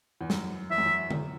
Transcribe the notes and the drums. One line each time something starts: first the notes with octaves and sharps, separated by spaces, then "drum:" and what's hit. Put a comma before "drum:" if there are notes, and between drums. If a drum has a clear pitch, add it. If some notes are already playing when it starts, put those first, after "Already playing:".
E2
F#2, drum: snare
E2 E5
F#2
E2
F#2, drum: tom D3